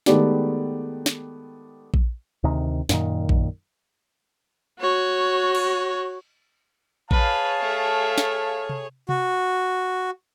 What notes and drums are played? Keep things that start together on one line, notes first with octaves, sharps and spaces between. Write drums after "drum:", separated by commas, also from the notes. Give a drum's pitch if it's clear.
D#3 G#3 A3 B3 G4 D5, drum: snare
drum: snare
drum: kick A#1
D2 C3 D#3
F#2 A#2 D#3, drum: snare
drum: kick A#1
F#4 C#5
drum: cymbal
G#4 B4 C#5 F5 A5, drum: kick A#1
A3 E5
drum: snare
drum: tom C3
F#4, drum: tom C3